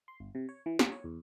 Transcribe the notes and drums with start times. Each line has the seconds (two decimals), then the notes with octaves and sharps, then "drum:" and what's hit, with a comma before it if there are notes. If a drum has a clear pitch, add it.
0.08 C6
0.20 G1
0.35 C3
0.49 C#5
0.66 E3
0.79 G3, drum: snare
0.92 C#5
1.04 E2